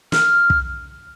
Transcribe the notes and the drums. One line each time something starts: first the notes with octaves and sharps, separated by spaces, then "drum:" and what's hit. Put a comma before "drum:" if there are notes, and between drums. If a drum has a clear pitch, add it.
F6, drum: snare
drum: kick